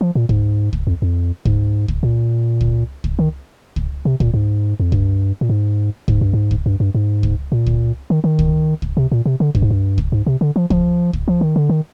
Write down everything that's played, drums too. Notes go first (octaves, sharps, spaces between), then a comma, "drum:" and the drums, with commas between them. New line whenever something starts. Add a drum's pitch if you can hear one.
F3
A#2
G#2, drum: kick
drum: kick
F2
F2
G#2, drum: kick
drum: kick
A#2
drum: kick
drum: kick
D#3
drum: kick
C3
A#2, drum: kick
G#2
F2
G2, drum: kick
A#2
G#2
G#2, drum: kick
G2
G#2
drum: kick
G2
G2
G#2
drum: kick
A#2
drum: kick
D#3
D#3
drum: kick
drum: kick
C3
A#2
C3
D3
G2, drum: kick
G#2
G2
drum: kick
G#2
C3
D3
F3
F3, drum: kick
drum: kick
F3
D#3
D3
D#3